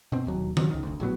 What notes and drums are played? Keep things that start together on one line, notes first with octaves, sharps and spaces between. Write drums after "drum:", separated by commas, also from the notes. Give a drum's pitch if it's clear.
B2 C4
E1 D#2 F#3
F#3, drum: tom D#3
C#2 D#3
F1 D2
A#1 A2 F#3 B3